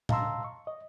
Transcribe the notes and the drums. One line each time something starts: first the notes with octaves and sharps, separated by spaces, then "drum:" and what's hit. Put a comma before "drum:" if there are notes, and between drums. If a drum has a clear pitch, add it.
D#5 F5 A5 A#5 C6 E6, drum: tom A#2
C#6
D#5